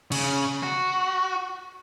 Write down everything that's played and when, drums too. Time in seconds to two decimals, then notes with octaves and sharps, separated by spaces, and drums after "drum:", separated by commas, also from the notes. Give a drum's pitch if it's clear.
0.12 C#3, drum: cymbal
0.63 F#4